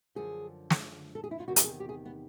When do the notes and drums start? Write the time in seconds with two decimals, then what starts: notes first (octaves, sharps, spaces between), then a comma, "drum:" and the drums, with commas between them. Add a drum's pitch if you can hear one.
0.15 F#2 D3 F3 G#4
0.70 drum: snare
1.15 A4
1.24 G#4
1.31 E4
1.40 F4
1.48 E2 C3 D#3 F#4
1.56 G4, drum: hi-hat
1.64 G#4
1.80 G4
1.89 G#4
2.05 B3